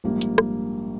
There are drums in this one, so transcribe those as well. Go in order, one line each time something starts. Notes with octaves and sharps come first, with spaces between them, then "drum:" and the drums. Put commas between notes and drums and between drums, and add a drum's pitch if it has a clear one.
A#1 G#2 G3 A#3
drum: hi-hat
drum: rim click